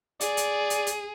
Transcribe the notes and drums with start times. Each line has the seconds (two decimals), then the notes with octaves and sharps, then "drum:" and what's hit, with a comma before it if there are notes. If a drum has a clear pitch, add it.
0.21 G#4 D5, drum: hi-hat
0.37 drum: hi-hat
0.70 drum: hi-hat
0.87 drum: hi-hat